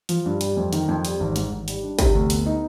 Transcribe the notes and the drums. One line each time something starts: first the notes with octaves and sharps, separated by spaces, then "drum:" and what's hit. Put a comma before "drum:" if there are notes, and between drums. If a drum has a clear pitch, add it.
F3, drum: hi-hat
G2
G3, drum: hi-hat
F2
D#3, drum: hi-hat
F2
G3, drum: hi-hat
G#1
G#2, drum: hi-hat
G#1
G3, drum: hi-hat
D4
C3, drum: kick, hi-hat
D2
B3, drum: hi-hat
D#4